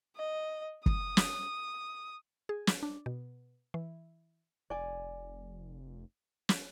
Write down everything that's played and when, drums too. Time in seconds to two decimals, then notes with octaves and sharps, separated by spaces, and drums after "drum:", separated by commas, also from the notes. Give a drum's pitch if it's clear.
0.16 D#5
0.86 D#6, drum: kick
1.17 drum: snare
2.49 G#4
2.67 drum: snare
2.83 D4
3.06 B2
3.74 E3
4.70 F1 D5 G#5
6.49 drum: snare